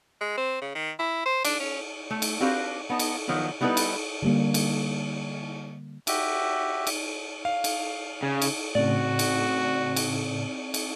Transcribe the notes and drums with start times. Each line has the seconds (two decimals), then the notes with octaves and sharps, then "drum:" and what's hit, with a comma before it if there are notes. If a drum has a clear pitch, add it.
0.21 G#3
0.38 C4
0.62 C#3
0.75 D#3
0.99 E4
1.26 C5
1.45 D4, drum: cymbal
1.60 C#4
2.10 A3
2.22 drum: cymbal
2.40 C4 D4 F#4 G4 B4 F5
2.90 B3 D#4 A5
2.99 drum: cymbal
3.28 D#3 F3 F#3 B3
3.61 G3 B3 D#4 E4 A4 B4
3.77 drum: cymbal
4.22 D3 G3 A#3
4.54 drum: cymbal
6.07 F#4 G4 E5, drum: cymbal
6.87 drum: cymbal
7.45 F5
7.64 drum: cymbal
8.23 C#3
8.42 drum: cymbal
8.75 A2 C#3 C4 F#4 D5
9.19 drum: cymbal
9.96 drum: cymbal
10.74 drum: cymbal